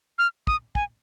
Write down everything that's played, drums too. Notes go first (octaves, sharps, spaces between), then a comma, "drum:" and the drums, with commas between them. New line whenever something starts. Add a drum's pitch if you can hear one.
F6
D#6, drum: kick
G#5, drum: kick